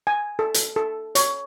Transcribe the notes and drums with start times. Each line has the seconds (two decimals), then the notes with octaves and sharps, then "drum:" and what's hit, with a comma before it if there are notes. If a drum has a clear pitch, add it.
0.07 G#5
0.39 A4
0.54 drum: hi-hat
0.76 A4
1.15 C#5, drum: hi-hat